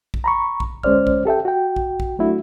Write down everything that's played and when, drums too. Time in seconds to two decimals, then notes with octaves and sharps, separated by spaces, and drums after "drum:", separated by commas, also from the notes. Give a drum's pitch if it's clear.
0.14 drum: kick A#1
0.24 A#5 B5 C#6
0.60 drum: kick A#1
0.83 D2 G#3 C#4 C5 D5 F6, drum: kick A#1
1.07 drum: kick A#1
1.25 G4 A4 E5 G5
1.45 F#4 G5
1.76 drum: kick A#1
2.00 drum: kick A#1
2.19 F#3 A3 D4 E4 F#4